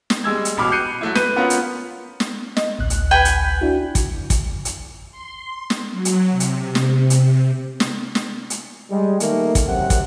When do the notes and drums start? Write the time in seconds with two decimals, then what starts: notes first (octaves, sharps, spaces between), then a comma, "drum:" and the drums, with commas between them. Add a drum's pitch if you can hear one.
0.10 drum: snare
0.24 G3 G#3 E6 G#6
0.45 drum: hi-hat
0.57 A1 B2 B5 D6 F6
0.71 F#6 G6 C7 C#7 D#7
1.01 F#3 A3 E4
1.15 B4 G6 D#7, drum: snare
1.36 B3 C#4 F4 A#4 B4 F#5
1.50 drum: hi-hat
2.20 drum: snare
2.57 D#5, drum: snare
2.79 A1 D2 F#6
2.90 drum: hi-hat
3.11 B4 G5 G#5
3.25 drum: hi-hat
3.61 D4 E4 F#4
3.95 drum: kick, hi-hat
4.30 drum: kick, hi-hat
4.65 drum: hi-hat
5.11 C6
5.70 drum: snare
5.92 F#3
6.05 drum: hi-hat
6.31 C3
6.40 drum: hi-hat
6.75 drum: snare
7.10 drum: hi-hat
7.80 drum: snare
8.15 drum: snare
8.50 drum: hi-hat
8.90 G3 G#3
9.20 D#3 A3 A#3, drum: hi-hat
9.55 drum: kick, hi-hat
9.67 F#2 C3 F#5
9.90 drum: kick, hi-hat